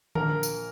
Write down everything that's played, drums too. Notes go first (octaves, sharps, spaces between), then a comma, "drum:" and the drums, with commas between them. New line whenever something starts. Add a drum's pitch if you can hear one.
A#1 A#4, drum: tom D3
drum: tambourine